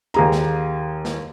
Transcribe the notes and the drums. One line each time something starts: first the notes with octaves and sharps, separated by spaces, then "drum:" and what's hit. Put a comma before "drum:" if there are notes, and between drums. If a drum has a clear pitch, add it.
D#2 G#4 A#5
drum: snare
drum: snare